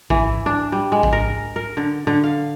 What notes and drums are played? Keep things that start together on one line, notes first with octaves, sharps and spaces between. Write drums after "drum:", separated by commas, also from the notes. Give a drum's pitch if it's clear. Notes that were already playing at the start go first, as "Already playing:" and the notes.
E3, drum: kick A1
D4
G3
G#3
drum: kick A1
A#4
A#4
D3
D3
F5